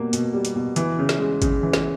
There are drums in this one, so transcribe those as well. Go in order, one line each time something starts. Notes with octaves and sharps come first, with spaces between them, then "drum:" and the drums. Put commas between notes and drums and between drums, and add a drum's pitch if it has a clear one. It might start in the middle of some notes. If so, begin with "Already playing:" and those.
Already playing: B2 G3 A#3
B2, drum: hi-hat
G3
drum: hi-hat
B2
E3, drum: hi-hat
C#3
drum: snare
G#3
C#3, drum: kick, hi-hat
E3
drum: snare